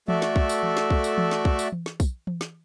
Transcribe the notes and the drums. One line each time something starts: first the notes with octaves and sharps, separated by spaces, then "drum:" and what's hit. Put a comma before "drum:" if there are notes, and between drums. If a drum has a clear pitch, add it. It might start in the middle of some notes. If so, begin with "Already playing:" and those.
A3 F#4 A4 D5 E5, drum: tom E3
drum: snare
drum: kick
drum: tambourine
drum: tom E3
drum: snare
drum: kick
drum: tambourine
drum: tom E3
drum: snare
drum: kick
drum: tambourine
drum: tom E3
drum: snare
drum: kick, tambourine
drum: tom E3
drum: snare